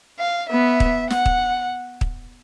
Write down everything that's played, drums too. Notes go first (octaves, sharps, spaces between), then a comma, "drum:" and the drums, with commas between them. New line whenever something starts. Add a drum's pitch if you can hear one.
F5
B3 E5
drum: kick
F#5, drum: snare
drum: kick
drum: kick